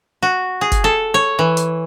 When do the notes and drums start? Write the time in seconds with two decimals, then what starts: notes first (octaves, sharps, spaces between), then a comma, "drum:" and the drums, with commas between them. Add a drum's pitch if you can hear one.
0.23 F#4
0.61 G#4
0.72 drum: kick F#1, hi-hat
0.84 A4
1.14 C#5
1.39 E3
1.57 drum: hi-hat